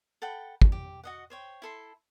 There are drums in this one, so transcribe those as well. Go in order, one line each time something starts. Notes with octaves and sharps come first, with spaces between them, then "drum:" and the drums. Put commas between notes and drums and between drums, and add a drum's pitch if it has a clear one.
A4 F#5 G5 B5
drum: kick
G4
F#4 D#5 F#5
C5 C#5 G5
E4 A4 C6